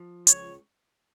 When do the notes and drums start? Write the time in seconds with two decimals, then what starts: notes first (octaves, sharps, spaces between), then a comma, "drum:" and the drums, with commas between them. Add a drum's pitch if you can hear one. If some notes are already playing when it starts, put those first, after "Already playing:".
Already playing: F3
0.27 C#2 C#5, drum: hi-hat